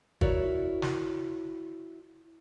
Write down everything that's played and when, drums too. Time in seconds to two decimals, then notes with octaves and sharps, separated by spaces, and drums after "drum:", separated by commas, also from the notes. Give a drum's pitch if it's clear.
0.21 E4 F#4 A#4 C#5 D5 E5, drum: kick
0.82 drum: snare